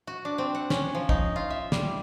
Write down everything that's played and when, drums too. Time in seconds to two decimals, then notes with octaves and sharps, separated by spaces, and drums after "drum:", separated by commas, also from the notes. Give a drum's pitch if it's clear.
0.07 F#4
0.25 D4
0.38 C4
0.55 F#5
0.70 C#4, drum: snare
0.95 F3
1.09 D#4, drum: kick
1.36 F4
1.50 E5
1.72 G3, drum: snare